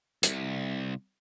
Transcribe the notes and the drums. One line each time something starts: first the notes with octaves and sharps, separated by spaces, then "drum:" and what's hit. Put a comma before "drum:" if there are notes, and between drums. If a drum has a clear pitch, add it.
C2 F2, drum: hi-hat